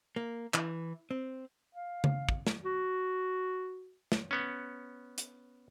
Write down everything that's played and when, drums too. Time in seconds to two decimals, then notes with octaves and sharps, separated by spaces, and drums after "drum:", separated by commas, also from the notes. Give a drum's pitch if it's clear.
0.16 A#3
0.54 E3, drum: clap
1.11 C4
1.75 F5
2.04 drum: tom C#3
2.29 drum: kick
2.47 drum: snare
2.64 F#4
4.12 drum: snare
4.31 B3 C#4
5.18 drum: hi-hat